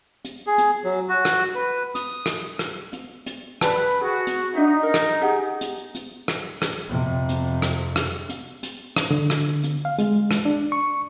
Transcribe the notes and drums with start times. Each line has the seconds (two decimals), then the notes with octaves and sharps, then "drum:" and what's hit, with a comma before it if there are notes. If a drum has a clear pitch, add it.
0.25 drum: hi-hat
0.47 G#4
0.58 drum: hi-hat
0.84 F#3
1.08 F#4
1.25 drum: rim click
1.55 B4
1.95 D#6, drum: hi-hat
2.26 drum: rim click
2.59 drum: rim click
2.93 drum: hi-hat
3.26 drum: hi-hat
3.61 B4 D5 G5 A5, drum: rim click
4.01 F#4 G#4
4.27 drum: hi-hat
4.53 D4 D#4 E5 F#5
4.83 A#4
4.94 drum: rim click
5.21 G4 G#4 F#5
5.61 drum: hi-hat
5.95 drum: hi-hat
6.28 drum: rim click
6.62 drum: rim click
6.88 F2 C3
7.29 drum: hi-hat
7.62 drum: rim click
7.96 drum: rim click
8.29 drum: hi-hat
8.63 drum: hi-hat
8.96 drum: rim click
9.11 D3
9.30 drum: rim click
9.64 drum: hi-hat
9.85 F5
9.99 G#3, drum: hi-hat
10.31 drum: rim click
10.45 D4
10.72 C#6